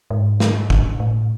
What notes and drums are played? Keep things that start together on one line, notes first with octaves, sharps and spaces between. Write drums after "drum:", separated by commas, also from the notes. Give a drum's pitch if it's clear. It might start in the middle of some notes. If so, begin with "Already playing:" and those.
G#2
drum: snare
drum: kick
A2